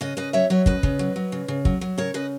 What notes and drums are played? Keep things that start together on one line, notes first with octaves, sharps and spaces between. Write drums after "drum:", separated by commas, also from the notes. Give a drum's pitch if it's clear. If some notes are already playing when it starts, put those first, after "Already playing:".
C#3 B4 D#5
C#3 B4 D#5
F#3 C#5 E5
F#3 C#5 E5
C#3 B4 D#5, drum: kick
C#3, drum: kick
F#3
F#3
C#3
C#3
F#3, drum: kick
F#3
C#3 A#4 C#5
C#3 B4 D#5